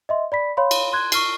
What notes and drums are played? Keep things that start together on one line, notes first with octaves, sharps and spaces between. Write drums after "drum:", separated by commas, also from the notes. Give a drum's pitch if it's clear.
D#5 E5 C6
D5 B5 B6
C#5 F5 B5 C6
drum: cymbal
C6 F#6 G#6
C#6 F6 C7, drum: cymbal